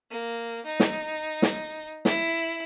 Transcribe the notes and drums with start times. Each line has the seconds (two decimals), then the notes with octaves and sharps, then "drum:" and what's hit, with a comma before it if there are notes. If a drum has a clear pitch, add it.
0.10 A#3
0.65 D#4
0.80 drum: snare
1.42 drum: snare
2.05 E4, drum: snare